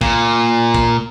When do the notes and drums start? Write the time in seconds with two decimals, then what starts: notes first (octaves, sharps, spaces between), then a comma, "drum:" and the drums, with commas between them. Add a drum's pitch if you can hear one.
0.01 A#2, drum: kick
0.75 drum: kick